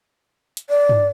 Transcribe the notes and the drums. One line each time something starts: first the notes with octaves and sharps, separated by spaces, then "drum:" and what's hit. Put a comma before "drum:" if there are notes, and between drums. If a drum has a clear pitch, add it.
drum: hi-hat
D5
drum: tom G2